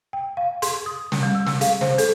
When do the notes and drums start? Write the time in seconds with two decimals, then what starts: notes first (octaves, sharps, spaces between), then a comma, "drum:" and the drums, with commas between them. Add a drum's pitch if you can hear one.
0.13 G5
0.37 F5
0.62 C6, drum: hi-hat
0.86 D#6
1.12 drum: snare
1.23 G3
1.35 E6
1.47 drum: snare
1.61 F5, drum: hi-hat
1.81 C5, drum: snare
1.98 A4, drum: hi-hat